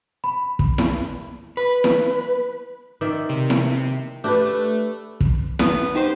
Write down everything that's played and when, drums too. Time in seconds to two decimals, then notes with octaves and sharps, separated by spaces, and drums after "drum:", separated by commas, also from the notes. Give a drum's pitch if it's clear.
0.24 B5
0.59 drum: kick
0.78 drum: snare E4
1.57 B4
1.84 drum: snare E4
3.01 D#3 D5 E5
3.29 C3
3.50 drum: snare E4
4.24 A3 D4 G4 B4
5.21 drum: kick
5.59 B3, drum: snare E4
5.94 D#4 G4 C5